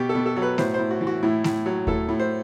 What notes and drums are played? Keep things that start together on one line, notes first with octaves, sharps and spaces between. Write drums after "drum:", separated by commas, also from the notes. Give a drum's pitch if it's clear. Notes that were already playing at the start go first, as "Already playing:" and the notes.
Already playing: B2 G4
A4
B2
A4
F#3
B4
A2 C5, drum: snare A3
C5
A2
F#4
E3
F#4
A2 E4
A2, drum: snare A3
F#3
A2 A4, drum: kick D#2
A2
C5